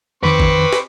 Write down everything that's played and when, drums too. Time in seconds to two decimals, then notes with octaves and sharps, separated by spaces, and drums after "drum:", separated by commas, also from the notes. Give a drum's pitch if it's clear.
0.23 F2 D#3 C4 B4 C#6 D6
0.40 drum: kick A1
0.73 drum: snare